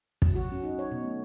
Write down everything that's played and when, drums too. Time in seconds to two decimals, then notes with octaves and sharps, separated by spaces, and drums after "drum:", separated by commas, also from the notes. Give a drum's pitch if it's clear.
0.22 F#3, drum: kick
0.35 F#4
0.52 C#4
0.64 D#4
0.79 C#5
0.92 B2
1.04 A3